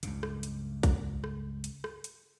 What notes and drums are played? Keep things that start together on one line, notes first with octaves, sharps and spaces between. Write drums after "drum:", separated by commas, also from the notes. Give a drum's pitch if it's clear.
C#2 G2 C#3, drum: hi-hat
drum: rim click
drum: hi-hat
drum: kick, hi-hat
drum: rim click
drum: hi-hat
drum: rim click
drum: hi-hat